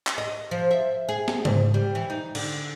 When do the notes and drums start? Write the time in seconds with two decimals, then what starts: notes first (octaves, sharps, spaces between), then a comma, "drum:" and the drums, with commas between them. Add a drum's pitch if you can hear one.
0.07 drum: clap
0.18 D#5
0.51 F3
0.71 E5
1.09 G#4
1.28 drum: snare
1.45 G#2, drum: tom C#3
1.74 G3
1.95 E3
2.10 D#4
2.35 D3, drum: cymbal